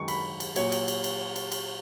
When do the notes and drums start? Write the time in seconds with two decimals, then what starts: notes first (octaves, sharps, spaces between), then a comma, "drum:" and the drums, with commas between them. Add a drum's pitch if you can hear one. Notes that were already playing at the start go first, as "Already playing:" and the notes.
Already playing: F#2 D#3 G#3 C#6
0.08 B5, drum: cymbal
0.40 drum: cymbal
0.56 A#2 F#3 C#5, drum: cymbal
0.72 drum: cymbal
0.88 drum: cymbal
1.04 drum: cymbal
1.36 drum: cymbal
1.52 drum: cymbal